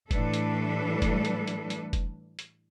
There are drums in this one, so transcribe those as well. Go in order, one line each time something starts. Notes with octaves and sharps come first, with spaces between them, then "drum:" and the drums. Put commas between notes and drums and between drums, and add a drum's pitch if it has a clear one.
A2 E3 G3 D4 A4 B4, drum: kick F1, hi-hat
drum: hi-hat
drum: kick F1, hi-hat
drum: hi-hat
drum: hi-hat
drum: hi-hat
drum: kick F1, hi-hat
drum: hi-hat